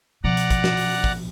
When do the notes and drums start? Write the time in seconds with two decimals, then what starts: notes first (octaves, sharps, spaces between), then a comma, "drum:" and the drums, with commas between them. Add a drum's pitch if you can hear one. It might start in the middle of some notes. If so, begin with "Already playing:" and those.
0.24 B2 F3 D5 F#5 A#5
0.37 drum: hi-hat
0.51 drum: kick, hi-hat
0.64 drum: snare
0.77 drum: open hi-hat
1.04 drum: kick